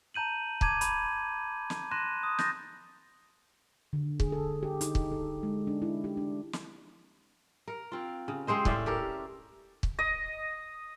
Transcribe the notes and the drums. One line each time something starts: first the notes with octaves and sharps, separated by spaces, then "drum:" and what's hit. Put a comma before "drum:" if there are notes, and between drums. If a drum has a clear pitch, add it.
A5 A#5 G6 D#7 F#7
A5 A#5 D6 G#6 D#7, drum: kick
B5, drum: hi-hat
drum: snare
C6 F#6 A#6 D#7 E7
D#6
G6 A6 A#6, drum: snare
D3
G#4, drum: kick
A4
G4
D#4, drum: hi-hat
drum: kick
A4
G#3
D4
E4
G4
D4
drum: snare
A#4
C4 F4
C#3
G#3 C4 C5 D#5
A2 C#4 D5 E5, drum: kick
G4 A4 A#4
drum: kick
D#5